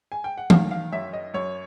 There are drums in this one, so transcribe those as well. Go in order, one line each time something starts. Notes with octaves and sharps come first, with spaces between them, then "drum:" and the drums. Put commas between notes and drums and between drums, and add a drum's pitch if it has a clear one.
G#5
G5
F#5
D#3 F5, drum: tom E3
F5
F#2 E5
D#5
F#2 C#5